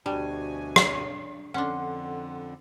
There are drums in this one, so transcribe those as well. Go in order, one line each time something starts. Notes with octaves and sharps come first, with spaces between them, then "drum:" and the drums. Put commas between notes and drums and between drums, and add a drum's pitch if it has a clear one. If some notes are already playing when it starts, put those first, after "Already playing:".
D2 B2 G3 D4 G#5
drum: rim click
F2 D3 C#4 D4 F#5 C6